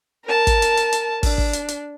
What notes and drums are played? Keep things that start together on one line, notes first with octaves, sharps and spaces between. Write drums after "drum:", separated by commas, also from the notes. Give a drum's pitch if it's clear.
A#4 A5
drum: kick, hi-hat
drum: hi-hat
drum: hi-hat
drum: hi-hat
D4, drum: kick, open hi-hat
drum: kick
drum: hi-hat
drum: hi-hat